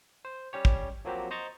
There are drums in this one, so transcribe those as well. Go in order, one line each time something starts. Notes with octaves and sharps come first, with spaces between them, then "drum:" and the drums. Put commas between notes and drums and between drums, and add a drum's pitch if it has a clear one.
C5
G3 C#4 G4 C#5
drum: kick
F3 F#3 A#3 C4 F#4 G4
C5 D#5 A#5 C#6 A6